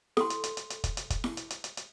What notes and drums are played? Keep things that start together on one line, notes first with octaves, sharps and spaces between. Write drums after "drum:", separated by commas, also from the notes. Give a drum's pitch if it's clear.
A4 C6, drum: snare E4
drum: hi-hat
drum: hi-hat
drum: hi-hat
drum: hi-hat
drum: kick, hi-hat
drum: hi-hat
drum: kick, hi-hat
drum: snare E4
drum: hi-hat
drum: hi-hat
drum: hi-hat
drum: hi-hat